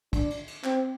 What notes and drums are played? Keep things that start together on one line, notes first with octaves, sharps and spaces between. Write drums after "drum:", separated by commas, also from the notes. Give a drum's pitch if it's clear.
D4, drum: kick, cymbal
drum: cymbal
drum: cymbal
C4, drum: clap